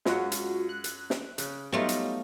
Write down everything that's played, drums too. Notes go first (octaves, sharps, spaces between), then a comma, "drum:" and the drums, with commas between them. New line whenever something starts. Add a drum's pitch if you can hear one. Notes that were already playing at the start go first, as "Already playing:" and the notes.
F#2 G#3 F4 F#4 F#5, drum: snare
drum: hi-hat
F#6
drum: hi-hat
drum: snare
C#3, drum: hi-hat
F#3 G3 A3 B3 D#4 F4
drum: hi-hat